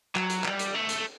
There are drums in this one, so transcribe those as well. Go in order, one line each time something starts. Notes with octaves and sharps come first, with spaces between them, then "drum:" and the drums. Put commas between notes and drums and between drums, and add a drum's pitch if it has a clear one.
F#3, drum: clap
drum: hi-hat
G3, drum: clap
drum: hi-hat
A3
drum: hi-hat